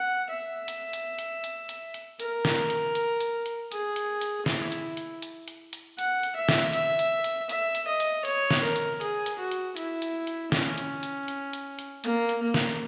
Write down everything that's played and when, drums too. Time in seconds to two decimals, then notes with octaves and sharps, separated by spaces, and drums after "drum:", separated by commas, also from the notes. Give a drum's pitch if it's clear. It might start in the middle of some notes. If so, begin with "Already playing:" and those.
Already playing: F#5
0.30 E5
0.68 drum: hi-hat
0.93 drum: hi-hat
1.19 drum: hi-hat
1.44 drum: hi-hat
1.69 drum: hi-hat
1.94 drum: hi-hat
2.20 A#4, drum: hi-hat
2.45 drum: snare
2.70 drum: hi-hat
2.95 drum: hi-hat
3.20 drum: hi-hat
3.46 drum: hi-hat
3.72 G#4, drum: hi-hat
3.96 drum: hi-hat
4.21 drum: hi-hat
4.46 E4, drum: snare
4.72 drum: hi-hat
4.97 drum: hi-hat
5.22 drum: hi-hat
5.48 drum: hi-hat
5.73 drum: hi-hat
5.98 F#5, drum: hi-hat
6.23 drum: hi-hat
6.36 E5
6.49 drum: snare
6.73 E5, drum: hi-hat
6.99 drum: hi-hat
7.24 drum: hi-hat
7.49 E5, drum: hi-hat
7.75 drum: hi-hat
7.87 D#5
8.00 drum: hi-hat
8.25 C#5, drum: hi-hat
8.51 drum: snare
8.63 A#4
8.76 drum: hi-hat
9.01 G#4, drum: hi-hat
9.26 drum: hi-hat
9.38 F#4
9.51 drum: hi-hat
9.76 E4, drum: hi-hat
10.02 drum: hi-hat
10.27 drum: hi-hat
10.52 C#4, drum: snare
10.78 drum: hi-hat
11.03 drum: hi-hat
11.28 drum: hi-hat
11.53 drum: hi-hat
11.79 drum: hi-hat
12.04 A#3, drum: hi-hat
12.29 drum: hi-hat
12.42 A#3
12.54 drum: snare